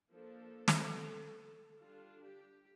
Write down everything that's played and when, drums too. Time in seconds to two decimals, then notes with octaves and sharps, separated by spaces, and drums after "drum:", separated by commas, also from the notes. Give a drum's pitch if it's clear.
0.11 F3 A#3 D4 A4
0.68 drum: snare
1.79 D3 G3 D4 F4
2.22 G4